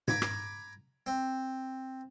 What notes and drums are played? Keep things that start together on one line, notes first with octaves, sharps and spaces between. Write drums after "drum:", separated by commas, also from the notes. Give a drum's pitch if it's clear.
G#5 A#5 B5 D6, drum: tom G#2
drum: rim click
C4